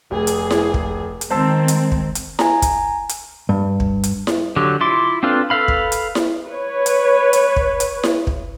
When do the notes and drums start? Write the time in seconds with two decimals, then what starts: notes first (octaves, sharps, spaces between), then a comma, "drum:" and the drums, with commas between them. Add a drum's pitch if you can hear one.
0.11 F1 G#4
0.27 drum: hi-hat
0.51 drum: snare E4
0.74 drum: kick
1.21 drum: hi-hat
1.30 D#3 G#3 C4 C5 A5 E6
1.68 drum: hi-hat
1.92 drum: kick
2.15 drum: hi-hat
2.39 G#5 A#5, drum: snare E4
2.62 drum: kick, hi-hat
3.09 drum: hi-hat
3.49 G2
3.80 drum: kick
4.03 drum: hi-hat
4.27 drum: snare E4
4.56 D3 F#3 G4
4.81 E4 F4 C6 D6
5.23 C4 D4 F4 A4 B4
5.50 A4 B4 F5 B5
5.68 drum: kick
5.92 drum: hi-hat
6.15 drum: snare E4
6.48 B4 C#5
6.86 drum: hi-hat
7.33 drum: hi-hat
7.56 drum: kick
7.80 drum: hi-hat
8.03 drum: snare E4
8.27 drum: kick